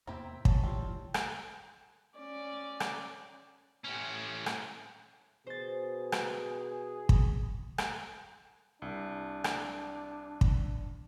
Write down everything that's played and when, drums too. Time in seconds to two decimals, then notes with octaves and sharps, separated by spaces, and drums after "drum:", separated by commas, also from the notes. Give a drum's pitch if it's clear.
0.07 E2 G#2 C3 A#3 C4 E4 G4 A#5
0.45 A1 F2 G#4 C#5 A5, drum: kick
0.64 D2 E3 G3 C4 F4
1.14 drum: rim click
2.19 C#4 D5
2.80 drum: rim click
3.84 A2 C#4
4.46 drum: rim click
5.47 B2 G#4 C5 A6
6.12 drum: rim click
7.09 drum: kick
7.78 drum: rim click
8.82 C2 D4
9.44 drum: rim click
10.41 drum: kick